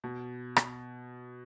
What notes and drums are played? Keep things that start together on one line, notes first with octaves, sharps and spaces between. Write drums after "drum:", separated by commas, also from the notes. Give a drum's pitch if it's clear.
B2
drum: rim click